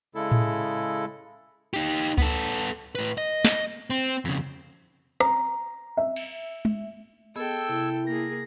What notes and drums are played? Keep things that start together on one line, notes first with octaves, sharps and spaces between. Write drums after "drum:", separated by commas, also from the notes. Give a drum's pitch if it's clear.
C#3 G#3 E4 A4
drum: tom A2
D#4 G4
B3 A4, drum: kick C#2
A2 B4
D#5
drum: snare
C4
F2 C#3
A#5, drum: rim click
E5
drum: cymbal
drum: tom G#3
B3 G#4 A4 D#5 G5 E6 G#6
C3 E4
A#3 G#4 A#6